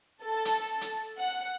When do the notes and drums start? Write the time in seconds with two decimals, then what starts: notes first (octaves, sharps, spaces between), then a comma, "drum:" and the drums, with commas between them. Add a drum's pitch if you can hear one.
0.23 A4
0.45 drum: hi-hat
0.81 drum: hi-hat
1.17 F#5